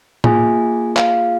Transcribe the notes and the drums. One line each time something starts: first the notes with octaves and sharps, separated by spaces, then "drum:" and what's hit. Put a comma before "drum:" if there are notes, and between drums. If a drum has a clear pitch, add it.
A#3 F4 G#4 G#5, drum: tom
F5, drum: clap